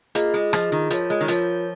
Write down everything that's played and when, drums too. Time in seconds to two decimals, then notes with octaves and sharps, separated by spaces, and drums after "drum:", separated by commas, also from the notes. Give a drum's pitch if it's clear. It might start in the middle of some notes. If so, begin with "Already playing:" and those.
0.15 A#3 F4 G#4 D#5, drum: hi-hat
0.34 G#3
0.53 F3 F4 G#4 D#5, drum: rim click
0.72 D#3
0.91 F3 F4 A#4 C#5, drum: hi-hat
1.10 G#3
1.21 D#3
1.28 F3 F4 A#4 C#5, drum: hi-hat